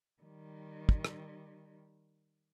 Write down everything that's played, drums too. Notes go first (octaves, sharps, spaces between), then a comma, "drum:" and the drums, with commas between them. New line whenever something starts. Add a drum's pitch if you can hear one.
D#3 G3
drum: kick
drum: rim click